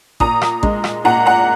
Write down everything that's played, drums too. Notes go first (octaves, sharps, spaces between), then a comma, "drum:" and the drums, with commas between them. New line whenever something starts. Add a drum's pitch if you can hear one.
A#2 A#5 D#6, drum: kick
drum: rim click
G#3, drum: kick
drum: rim click
A#2 F#5 A#5
F#5 A#5